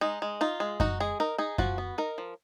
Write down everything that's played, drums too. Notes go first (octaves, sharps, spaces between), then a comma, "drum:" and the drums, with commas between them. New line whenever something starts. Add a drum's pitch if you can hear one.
G#3 D#4
G#3
D#4 F4
G#3
D#4 F#4, drum: kick F#2
G#3 G#4
D#4 A#4
D#4 G#4
F3 F#4, drum: kick F#2
B3
D#4 A#4
F3